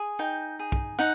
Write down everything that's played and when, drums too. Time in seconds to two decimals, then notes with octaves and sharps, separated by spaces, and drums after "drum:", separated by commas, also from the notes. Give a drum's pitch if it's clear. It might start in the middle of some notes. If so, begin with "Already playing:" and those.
Already playing: G#4
0.19 D#4 G5
0.59 G#4
0.72 drum: kick
0.99 D#4 F#5